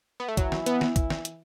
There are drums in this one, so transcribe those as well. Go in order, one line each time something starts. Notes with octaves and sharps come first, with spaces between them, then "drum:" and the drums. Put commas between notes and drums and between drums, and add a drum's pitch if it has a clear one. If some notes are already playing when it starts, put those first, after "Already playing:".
B3
A3
E3 F#3 E4, drum: kick, hi-hat
drum: snare
B3, drum: hi-hat
drum: snare
drum: kick, hi-hat
drum: snare
drum: hi-hat